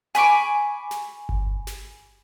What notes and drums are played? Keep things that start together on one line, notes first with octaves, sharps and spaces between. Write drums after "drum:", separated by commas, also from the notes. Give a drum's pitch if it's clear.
G#5 B5 C#6 D6, drum: snare
drum: snare
drum: kick G1
drum: snare